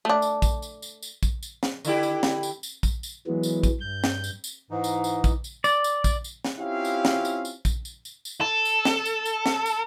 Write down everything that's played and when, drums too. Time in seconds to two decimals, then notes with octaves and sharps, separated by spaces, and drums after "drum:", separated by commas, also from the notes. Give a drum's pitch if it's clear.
0.05 A3 D4
0.22 drum: tambourine
0.42 drum: kick, tambourine
0.62 drum: tambourine
0.82 drum: tambourine
1.02 drum: tambourine
1.23 drum: kick, tambourine
1.43 drum: tambourine
1.63 drum: snare
1.85 D3 E4 G4, drum: tambourine
2.03 drum: tambourine
2.23 drum: snare
2.43 drum: tambourine
2.63 drum: tambourine
2.83 drum: kick, tambourine
3.03 drum: tambourine
3.27 E3 F#3 G#3 B3
3.43 drum: tambourine
3.63 drum: kick, tambourine
3.80 G2 G6
4.04 drum: snare
4.24 drum: tambourine
4.44 drum: tambourine
4.71 G#2 E3 D#4
4.84 drum: tambourine
5.04 drum: tambourine
5.24 drum: kick, tambourine
5.44 drum: tambourine
5.64 D5, drum: tambourine
5.84 drum: tambourine
6.04 drum: kick, tambourine
6.24 drum: tambourine
6.45 drum: snare
6.58 C4 C#4 E4 F4 G4 F5
6.85 drum: tambourine
7.05 drum: snare
7.25 drum: tambourine
7.45 drum: tambourine
7.65 drum: kick, tambourine
7.85 drum: tambourine
8.05 drum: tambourine
8.25 drum: tambourine
8.41 A4
8.65 drum: tambourine
8.85 drum: snare
9.05 drum: tambourine
9.26 drum: tambourine
9.46 drum: snare
9.66 drum: tambourine